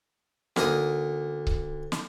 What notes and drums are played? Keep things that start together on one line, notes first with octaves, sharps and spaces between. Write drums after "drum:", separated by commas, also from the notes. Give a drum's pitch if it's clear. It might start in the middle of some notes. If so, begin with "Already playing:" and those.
D2 A#3 D#4 D#6, drum: snare
drum: kick C#1
drum: snare